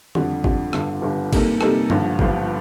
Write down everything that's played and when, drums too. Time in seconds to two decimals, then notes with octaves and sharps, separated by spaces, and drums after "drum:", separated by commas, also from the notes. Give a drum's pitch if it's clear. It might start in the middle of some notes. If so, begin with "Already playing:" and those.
0.15 F2 D3 G3, drum: tom D#3
0.44 F2 D3 G3, drum: kick
0.73 G1 G2 D3, drum: rim click
1.02 G1 G2 D3
1.33 C3 G3 A#3 D#4 A4, drum: kick, cymbal
1.61 C3 G3 A#3 D#4 A4, drum: rim click
1.90 G1 G2 D3 F3, drum: tom
2.19 G1 G2 D3 F3, drum: kick